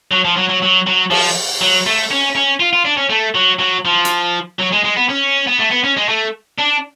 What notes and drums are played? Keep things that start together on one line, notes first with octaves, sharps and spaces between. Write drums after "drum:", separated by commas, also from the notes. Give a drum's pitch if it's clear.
F#3
F3
F#3
F#3
F#3
F#3
F3, drum: cymbal
F#3
A3
C#4
C#4
F4
F4
D4
C#4
A3
F#3
F#3
F3
drum: hi-hat
F#3
G#3
G#3
B3
C#4
B3
A3
B3
C#4
G#3
A3
D4